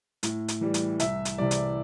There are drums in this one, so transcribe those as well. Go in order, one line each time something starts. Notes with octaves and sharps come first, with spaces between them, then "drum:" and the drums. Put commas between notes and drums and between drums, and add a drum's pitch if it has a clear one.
A2, drum: hi-hat
drum: hi-hat
E3 G3
drum: hi-hat
C2 E5, drum: hi-hat
drum: hi-hat
C3 E3 G3 D5
drum: hi-hat